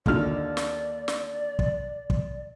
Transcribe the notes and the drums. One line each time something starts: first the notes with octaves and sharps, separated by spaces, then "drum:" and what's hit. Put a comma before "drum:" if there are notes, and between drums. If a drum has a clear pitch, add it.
D#2 D3 D5 F6, drum: kick
drum: snare
drum: snare
drum: kick
drum: kick